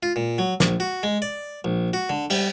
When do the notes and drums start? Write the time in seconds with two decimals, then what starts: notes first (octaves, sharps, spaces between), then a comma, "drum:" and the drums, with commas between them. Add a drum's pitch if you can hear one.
0.03 F4
0.16 A#2
0.38 F#3
0.60 A#1, drum: snare
0.80 F#4
1.03 G#3
1.22 D5
1.65 A#1
1.93 F#4
2.10 D3
2.30 G3, drum: cymbal